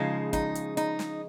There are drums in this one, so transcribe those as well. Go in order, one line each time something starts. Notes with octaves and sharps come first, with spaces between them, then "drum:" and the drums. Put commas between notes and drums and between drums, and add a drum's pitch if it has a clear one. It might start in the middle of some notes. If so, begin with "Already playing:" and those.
Already playing: C#3 F3 G#3 D#4
D#4, drum: kick, hi-hat
drum: hi-hat
D#4, drum: hi-hat
drum: snare